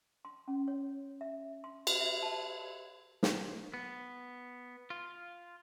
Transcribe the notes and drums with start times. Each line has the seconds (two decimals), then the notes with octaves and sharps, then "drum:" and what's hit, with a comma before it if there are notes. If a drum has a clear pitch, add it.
0.25 C6
0.48 C#4
0.68 C#5
1.21 E5
1.64 C6
1.87 D#5, drum: cymbal
2.00 E5
2.23 A5
3.23 drum: snare
3.74 B3
4.90 F4